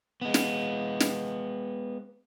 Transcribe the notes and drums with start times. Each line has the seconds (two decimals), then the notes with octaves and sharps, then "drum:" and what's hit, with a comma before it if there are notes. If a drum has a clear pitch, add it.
0.21 G#3 B3
0.34 drum: snare
1.00 drum: snare